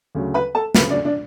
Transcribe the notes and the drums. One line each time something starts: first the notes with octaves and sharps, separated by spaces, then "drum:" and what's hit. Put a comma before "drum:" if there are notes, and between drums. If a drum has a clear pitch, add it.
D2 C#3 F#3
B4 B5
A4 A5
D2 C#3 F#3 B4 B5, drum: snare
D4 D5
D4 D5